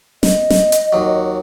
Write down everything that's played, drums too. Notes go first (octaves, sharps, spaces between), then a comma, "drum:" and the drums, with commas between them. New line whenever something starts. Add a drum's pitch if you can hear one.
D#5, drum: snare
drum: snare
drum: hi-hat
D#2 F#3